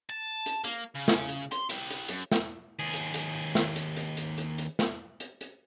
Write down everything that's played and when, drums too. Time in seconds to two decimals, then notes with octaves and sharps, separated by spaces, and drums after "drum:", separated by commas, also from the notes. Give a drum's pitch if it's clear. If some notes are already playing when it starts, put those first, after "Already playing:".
0.10 A5
0.46 drum: hi-hat
0.64 A#3, drum: hi-hat
0.95 C#3
1.08 drum: snare
1.28 drum: hi-hat
1.52 C6, drum: hi-hat
1.70 E4 G4, drum: hi-hat
1.90 drum: hi-hat
2.08 F#2, drum: hi-hat
2.32 drum: snare
2.79 D#2 G#4
2.93 drum: hi-hat
3.14 drum: hi-hat
3.55 drum: snare
3.76 drum: hi-hat
3.96 drum: hi-hat
4.17 drum: hi-hat
4.38 drum: hi-hat
4.58 drum: hi-hat
4.79 drum: snare
5.20 drum: hi-hat
5.41 drum: hi-hat